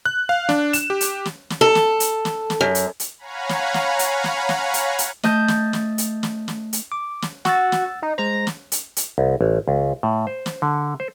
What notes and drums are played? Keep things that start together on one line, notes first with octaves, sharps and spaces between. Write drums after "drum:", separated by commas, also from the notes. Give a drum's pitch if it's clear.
F#6
F5
D4, drum: snare
E7, drum: hi-hat
G4
drum: hi-hat
drum: snare
drum: snare
A4
drum: snare
drum: hi-hat
drum: snare
drum: snare
F#2
drum: hi-hat
drum: hi-hat
C#5 F5 F#5 G#5 A#5 B5
drum: snare
drum: snare
drum: hi-hat
drum: snare
drum: snare
drum: hi-hat
drum: hi-hat
A3 D#5 A5 G6, drum: snare
drum: snare
drum: snare
drum: hi-hat
drum: snare
drum: snare
drum: hi-hat
D6
drum: snare
F#4 F#5 E6 A6, drum: snare
drum: snare
D#4
G#3 C5 A#5
drum: snare
drum: hi-hat
drum: hi-hat
C2
A1
C#2
A2
C5
drum: snare
D3
C5